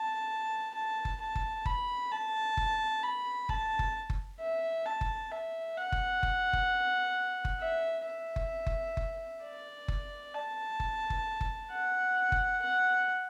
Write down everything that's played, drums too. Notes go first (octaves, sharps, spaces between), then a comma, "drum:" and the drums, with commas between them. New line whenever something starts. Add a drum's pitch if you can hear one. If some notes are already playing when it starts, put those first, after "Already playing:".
Already playing: A5
A5
drum: kick F#1
A5
drum: kick F#1
B5, drum: kick F#1
A5
drum: kick F#1
B5
A5, drum: kick F#1
drum: kick F#1
drum: kick F#1
E5
A5
drum: kick F#1
E5
F#5
drum: kick F#1
drum: kick F#1
drum: kick F#1
drum: kick F#1
E5
E5
drum: kick F#1
drum: kick F#1
drum: kick F#1
D5
drum: kick F#1
A5
drum: kick F#1
drum: kick F#1
drum: kick F#1
F#5
drum: kick F#1
F#5